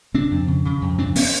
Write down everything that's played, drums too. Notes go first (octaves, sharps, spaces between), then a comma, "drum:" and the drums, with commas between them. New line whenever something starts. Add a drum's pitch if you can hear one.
C#3 C4 D4
F2
C#3
C#3
F2
F2 C4 D4
B3 C#4, drum: open hi-hat